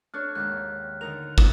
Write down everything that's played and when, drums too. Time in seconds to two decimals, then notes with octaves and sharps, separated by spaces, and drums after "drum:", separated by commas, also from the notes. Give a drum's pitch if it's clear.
0.14 D4 A4 C#5 F6 F#6
0.35 D#2 G#2 D#3 F#6 G6
1.01 D3 D#4 A#4 F7
1.38 drum: kick